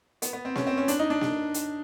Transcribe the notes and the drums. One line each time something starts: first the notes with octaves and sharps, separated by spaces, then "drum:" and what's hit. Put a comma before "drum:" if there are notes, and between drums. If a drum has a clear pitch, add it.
B3, drum: hi-hat
B3
C4
C#4, drum: snare A#3
C4
C#4
D4, drum: hi-hat
D#4
D4
drum: snare A#3
drum: hi-hat